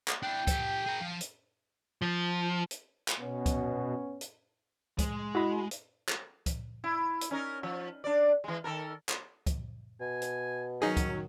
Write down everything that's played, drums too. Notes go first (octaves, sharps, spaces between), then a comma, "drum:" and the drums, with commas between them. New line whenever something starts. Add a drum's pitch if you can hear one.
drum: clap
D4 E4 G5
G4 A4, drum: kick C#2, hi-hat
G#4 A#4
F3
drum: hi-hat
F3
drum: hi-hat
drum: clap
B2 B3 C#4
drum: kick C#2, hi-hat
drum: hi-hat
G#3, drum: kick C#2, hi-hat
E4 F#4 D#5 B5
drum: hi-hat
drum: clap
drum: kick C#2, hi-hat
E4
drum: hi-hat
C#4 D#4 A#4
F3
D4 D5
E3 G#3
D#3 A4 A#4
drum: clap
drum: kick C#2, hi-hat
B2 G#5
drum: hi-hat
D#3 F#3 C#4 D#4 G#4
drum: kick C#2, hi-hat